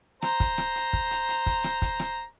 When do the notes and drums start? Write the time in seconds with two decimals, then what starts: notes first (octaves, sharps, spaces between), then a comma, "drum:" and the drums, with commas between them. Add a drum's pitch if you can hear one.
0.22 C5 A#5, drum: rim click
0.40 drum: kick, hi-hat
0.58 drum: rim click
0.76 drum: hi-hat
0.93 drum: kick
1.11 drum: hi-hat
1.29 drum: hi-hat
1.46 drum: kick, hi-hat
1.64 drum: rim click
1.82 drum: kick, hi-hat
1.99 drum: rim click